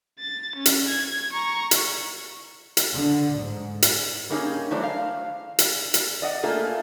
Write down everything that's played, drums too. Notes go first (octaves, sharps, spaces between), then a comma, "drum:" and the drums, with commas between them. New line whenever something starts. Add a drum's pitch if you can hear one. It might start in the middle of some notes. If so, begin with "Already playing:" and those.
A6
C#4
drum: hi-hat
G#6
A#5 C#6
drum: hi-hat
drum: hi-hat
D3
G#2
drum: hi-hat
G3 A#3 C#4 D#4 G4 G#4
D#3 F#3 A3 E4 C5 D5
F5
drum: hi-hat
drum: hi-hat
D5 D#5 F#5
A3 A#3 F4 G#4 A4